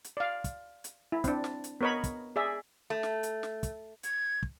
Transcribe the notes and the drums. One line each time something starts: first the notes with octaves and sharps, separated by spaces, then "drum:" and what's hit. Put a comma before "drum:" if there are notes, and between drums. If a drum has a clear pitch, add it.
drum: hi-hat
D5 F5
drum: kick, hi-hat
drum: hi-hat
E4
C4 D4, drum: kick, hi-hat
drum: snare
drum: hi-hat
B3 A#4 C#5 D#5 B5
drum: kick, hi-hat
G#4 D5 E5
A3
drum: snare
drum: hi-hat
drum: snare
drum: kick, hi-hat
G#6, drum: hi-hat
drum: kick